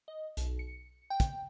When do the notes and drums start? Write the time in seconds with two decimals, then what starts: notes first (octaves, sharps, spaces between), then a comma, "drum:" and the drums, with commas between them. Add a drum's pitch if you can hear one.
0.08 D#5
0.37 B1, drum: hi-hat
0.59 C#7
1.10 G5
1.20 drum: kick, hi-hat